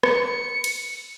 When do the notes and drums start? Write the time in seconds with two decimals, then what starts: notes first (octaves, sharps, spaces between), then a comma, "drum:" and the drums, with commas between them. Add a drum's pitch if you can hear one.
0.03 C#7, drum: rim click
0.64 drum: cymbal